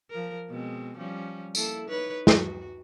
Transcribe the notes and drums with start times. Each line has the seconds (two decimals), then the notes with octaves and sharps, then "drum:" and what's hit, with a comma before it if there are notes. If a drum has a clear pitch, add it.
0.10 F3 A#4
0.49 B2 G#3 C4
0.97 F3 G3 C#4
1.55 A#3 E4 A4, drum: tambourine
1.87 D#4 B4 C#5
2.27 F#4, drum: snare